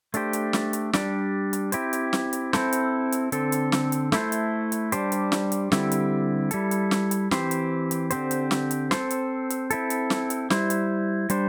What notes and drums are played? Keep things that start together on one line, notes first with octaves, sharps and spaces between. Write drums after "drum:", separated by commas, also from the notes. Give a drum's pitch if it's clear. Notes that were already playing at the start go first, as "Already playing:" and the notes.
A3 D4 G4 C5, drum: hi-hat
drum: hi-hat
drum: snare
drum: hi-hat
G3 D4 G4, drum: snare
drum: hi-hat
C4 E4 G4 C5, drum: hi-hat
drum: hi-hat
drum: snare
drum: hi-hat
C4 E4 A4 C5, drum: snare
drum: hi-hat
drum: hi-hat
D3 C4 A4, drum: hi-hat
drum: hi-hat
drum: snare
drum: hi-hat
A3 E4 A4 C5, drum: snare
drum: hi-hat
drum: hi-hat
G3 D4 G4 C5, drum: hi-hat
drum: hi-hat
drum: snare
drum: hi-hat
D3 G3 C4 E4 G4, drum: snare
drum: hi-hat
G3 E4 A4, drum: hi-hat
drum: hi-hat
drum: snare
drum: hi-hat
E3 C4 G4 C5, drum: snare
drum: hi-hat
drum: hi-hat
D3 C4 G4 C5, drum: hi-hat
drum: hi-hat
drum: snare
drum: hi-hat
C4 A4 C5, drum: snare
drum: hi-hat
drum: hi-hat
C4 E4 A4, drum: hi-hat
drum: hi-hat
drum: snare
drum: hi-hat
G3 E4 C5, drum: snare
drum: hi-hat
G3 D4 C5, drum: hi-hat